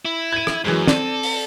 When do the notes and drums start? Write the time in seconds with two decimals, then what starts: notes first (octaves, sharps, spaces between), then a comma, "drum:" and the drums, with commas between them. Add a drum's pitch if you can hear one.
0.05 E4
0.33 G#6 D#7
0.47 drum: rim click
0.65 F#2 E3 F#3 G#3
0.87 C4 A4 D5 D#7, drum: snare
1.23 drum: open hi-hat